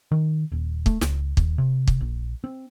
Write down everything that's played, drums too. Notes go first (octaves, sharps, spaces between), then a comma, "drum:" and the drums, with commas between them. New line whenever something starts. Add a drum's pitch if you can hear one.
D#3
D#1
A3, drum: kick
C#2, drum: snare
D#2, drum: kick
C3
drum: kick
A#1
C4